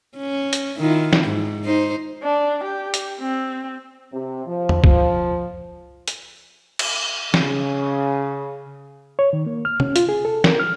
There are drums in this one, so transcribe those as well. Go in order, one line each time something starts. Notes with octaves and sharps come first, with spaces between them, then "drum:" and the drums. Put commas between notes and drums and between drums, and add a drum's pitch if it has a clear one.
C#4
drum: hi-hat
D#3 E4 F4
drum: snare
G#2
D#4 C5
D4
G4
drum: hi-hat
C4
C3
F3
drum: tom E2
F3, drum: kick
drum: hi-hat
drum: cymbal
C#3, drum: snare
C#5
D#3
A#3
F6
C#4, drum: tom
F4, drum: hi-hat
G#4
A4
A#4, drum: snare
F6